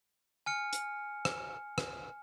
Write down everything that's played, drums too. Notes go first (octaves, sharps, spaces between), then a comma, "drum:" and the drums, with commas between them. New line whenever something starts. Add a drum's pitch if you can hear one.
G#5 F6 C#7
drum: hi-hat
drum: rim click
drum: rim click